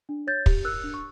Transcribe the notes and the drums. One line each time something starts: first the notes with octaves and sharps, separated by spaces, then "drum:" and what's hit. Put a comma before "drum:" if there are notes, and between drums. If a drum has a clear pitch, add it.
D4
C#5 G6 A6
G4, drum: kick
A#4 E6 F#6
D4
C#6